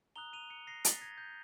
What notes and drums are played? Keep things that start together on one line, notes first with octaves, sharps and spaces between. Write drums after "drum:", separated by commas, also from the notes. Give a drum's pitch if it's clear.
A#5 D#6 F#6 F7 G7
D#7 F7
C#7 D#7
A#6 C7
A6 B6, drum: hi-hat
G#6 A#6
G6 A6